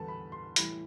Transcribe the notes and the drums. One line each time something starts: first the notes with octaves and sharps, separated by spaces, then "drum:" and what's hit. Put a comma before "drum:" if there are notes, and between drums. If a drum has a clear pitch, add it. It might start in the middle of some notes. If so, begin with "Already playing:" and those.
Already playing: E2 D3 G3 A4 B4 A5
B5
C6
A2 E3 G3 B5, drum: hi-hat